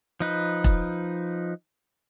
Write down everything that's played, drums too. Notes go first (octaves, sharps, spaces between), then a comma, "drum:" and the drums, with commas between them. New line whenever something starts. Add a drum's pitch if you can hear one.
F3 D#4 B4
drum: kick E1